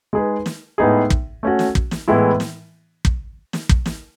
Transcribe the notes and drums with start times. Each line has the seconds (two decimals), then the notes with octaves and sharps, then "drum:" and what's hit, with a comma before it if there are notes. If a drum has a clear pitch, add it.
0.13 G#3 D#4 G#4 B4
0.46 drum: snare
0.78 A2 G#3 B3 D#4 G#4
1.10 drum: kick
1.43 A3 C#4 F#4
1.59 drum: snare
1.75 drum: kick
1.91 drum: snare
2.08 A2 E3 G#3 B3 E4
2.40 drum: snare
3.05 drum: kick
3.53 drum: snare
3.69 drum: kick
3.86 drum: snare